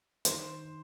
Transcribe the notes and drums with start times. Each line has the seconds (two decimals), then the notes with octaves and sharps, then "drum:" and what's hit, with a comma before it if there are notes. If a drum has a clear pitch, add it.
0.25 D#3 C5, drum: hi-hat